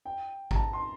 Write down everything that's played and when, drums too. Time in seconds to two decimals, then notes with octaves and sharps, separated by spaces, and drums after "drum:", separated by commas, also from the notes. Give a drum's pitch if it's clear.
0.05 G5
0.51 A#5, drum: kick G#1
0.56 A5
0.73 C6